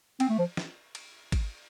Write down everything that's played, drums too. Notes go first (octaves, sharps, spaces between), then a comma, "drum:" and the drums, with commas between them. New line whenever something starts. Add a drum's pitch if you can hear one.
C4, drum: cymbal
A3
F3
drum: snare
drum: cymbal
drum: kick G#1, cymbal